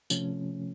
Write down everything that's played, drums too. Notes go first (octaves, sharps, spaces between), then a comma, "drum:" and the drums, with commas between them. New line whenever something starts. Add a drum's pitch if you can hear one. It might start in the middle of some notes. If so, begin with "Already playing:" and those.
C3 F3 A3 C#4, drum: tambourine